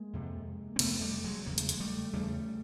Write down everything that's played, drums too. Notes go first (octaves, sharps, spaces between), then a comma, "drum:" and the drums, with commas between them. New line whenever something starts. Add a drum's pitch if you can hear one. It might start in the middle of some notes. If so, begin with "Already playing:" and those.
Already playing: G#3 A#3
F2 C3
C4
F2 C3 A3 B3, drum: cymbal
G3 A3
F#3 G#3
E2 C#3 A#3
A3, drum: hi-hat
G#3, drum: hi-hat
G3 A3
E2 C#3 G3 A3